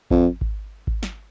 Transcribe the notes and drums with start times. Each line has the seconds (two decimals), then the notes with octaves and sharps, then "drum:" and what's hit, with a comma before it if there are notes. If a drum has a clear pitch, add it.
0.11 F2, drum: kick G#1
0.41 drum: kick G#1
0.87 drum: kick G#1
1.03 drum: snare